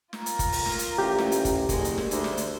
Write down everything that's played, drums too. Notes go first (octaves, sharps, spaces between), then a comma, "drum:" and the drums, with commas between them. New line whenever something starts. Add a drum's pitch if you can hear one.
F4 A#4, drum: snare
drum: hi-hat
drum: kick, hi-hat
drum: open hi-hat
drum: snare
drum: hi-hat
A1 G4
drum: snare
drum: hi-hat
drum: kick, hi-hat
F#1 G#3, drum: kick, hi-hat
drum: hi-hat
drum: snare
D2 C5, drum: hi-hat
drum: snare
drum: hi-hat